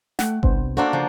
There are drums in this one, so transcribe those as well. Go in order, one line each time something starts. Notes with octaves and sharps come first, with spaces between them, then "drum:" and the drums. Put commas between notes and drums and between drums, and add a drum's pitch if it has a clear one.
A3 F#5 G5, drum: snare
C2 B3 D4 C5, drum: kick G1
A#3 D4 F#4 A4 C5 F#5
C#3 F3